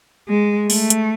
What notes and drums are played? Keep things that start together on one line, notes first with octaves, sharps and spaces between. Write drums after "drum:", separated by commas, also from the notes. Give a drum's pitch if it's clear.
G#3
A3, drum: open hi-hat
drum: hi-hat